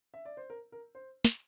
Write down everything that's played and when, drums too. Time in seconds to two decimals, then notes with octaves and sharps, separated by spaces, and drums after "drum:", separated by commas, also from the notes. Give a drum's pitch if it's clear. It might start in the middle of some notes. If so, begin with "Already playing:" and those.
0.14 E5
0.25 D5
0.37 C5
0.50 A#4
0.72 A#4
0.95 C5
1.25 drum: snare